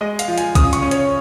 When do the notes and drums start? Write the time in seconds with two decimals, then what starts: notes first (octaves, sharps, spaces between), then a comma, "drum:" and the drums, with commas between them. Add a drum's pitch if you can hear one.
0.01 G#3 D#5
0.19 F5, drum: hi-hat
0.28 F3
0.38 G#5, drum: hi-hat
0.55 C#3 D#6, drum: kick, hi-hat
0.73 C#6, drum: hi-hat
0.82 C#4
0.91 C#5, drum: hi-hat